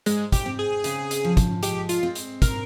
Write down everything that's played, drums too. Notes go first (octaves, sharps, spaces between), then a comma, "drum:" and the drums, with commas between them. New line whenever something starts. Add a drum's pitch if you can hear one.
G#2 G#3, drum: hi-hat
G4, drum: kick, hi-hat
C4
G#4
C#3, drum: hi-hat
drum: hi-hat
F3
drum: kick, hi-hat
G#3 G4, drum: hi-hat
F4, drum: hi-hat
C4
drum: hi-hat
A#4, drum: kick, hi-hat